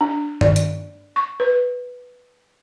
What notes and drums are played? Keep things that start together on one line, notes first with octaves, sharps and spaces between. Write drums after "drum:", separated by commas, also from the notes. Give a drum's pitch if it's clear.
D4
D5, drum: tom G2
drum: hi-hat
C#6
B4